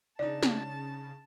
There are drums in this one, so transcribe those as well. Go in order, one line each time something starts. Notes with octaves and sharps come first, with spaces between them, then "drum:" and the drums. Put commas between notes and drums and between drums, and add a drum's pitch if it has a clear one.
C#3 D4 D#4 D5 A5
drum: snare